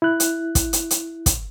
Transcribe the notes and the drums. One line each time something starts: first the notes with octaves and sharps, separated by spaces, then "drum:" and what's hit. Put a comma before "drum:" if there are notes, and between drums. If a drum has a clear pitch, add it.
E4 F#6
drum: hi-hat
drum: kick, hi-hat
drum: hi-hat
drum: hi-hat
drum: kick, hi-hat